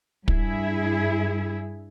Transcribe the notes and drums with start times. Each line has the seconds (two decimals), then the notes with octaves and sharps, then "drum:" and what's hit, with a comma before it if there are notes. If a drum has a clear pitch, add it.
0.28 G2 E4 G#4 E5, drum: kick